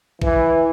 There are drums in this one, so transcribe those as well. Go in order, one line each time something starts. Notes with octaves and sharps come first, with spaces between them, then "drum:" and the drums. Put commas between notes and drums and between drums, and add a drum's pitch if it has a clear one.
E3, drum: kick A1